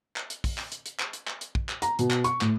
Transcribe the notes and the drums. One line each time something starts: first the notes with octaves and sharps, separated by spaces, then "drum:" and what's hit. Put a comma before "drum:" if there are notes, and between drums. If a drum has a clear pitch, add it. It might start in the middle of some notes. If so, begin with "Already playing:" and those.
drum: clap
drum: hi-hat
drum: kick, open hi-hat
drum: clap
drum: hi-hat
drum: hi-hat
drum: clap
drum: hi-hat
drum: clap
drum: hi-hat
drum: kick
drum: clap
A#5, drum: hi-hat
B2, drum: hi-hat
drum: clap
C#6, drum: hi-hat
A2, drum: clap